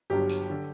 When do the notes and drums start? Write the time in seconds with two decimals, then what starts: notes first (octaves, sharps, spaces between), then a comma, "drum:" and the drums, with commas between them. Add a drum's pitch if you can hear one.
0.10 G1 G2 F#3 G4
0.30 drum: tambourine
0.50 D3